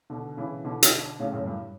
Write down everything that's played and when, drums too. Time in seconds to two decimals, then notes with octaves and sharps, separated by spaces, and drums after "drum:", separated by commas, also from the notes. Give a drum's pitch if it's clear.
0.10 B2 D3
0.37 C#3 E3
0.64 B2 D3
0.83 drum: hi-hat
1.19 A2 C#3
1.33 F#2 A2
1.46 G2